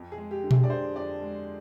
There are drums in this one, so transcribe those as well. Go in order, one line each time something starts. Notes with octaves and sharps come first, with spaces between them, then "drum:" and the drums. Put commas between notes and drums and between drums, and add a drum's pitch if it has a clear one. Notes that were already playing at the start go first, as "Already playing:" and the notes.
Already playing: F2
G#4
G#3
G4
D3
G#4, drum: tom B2
D5
D4 C5
F2 D5
G#3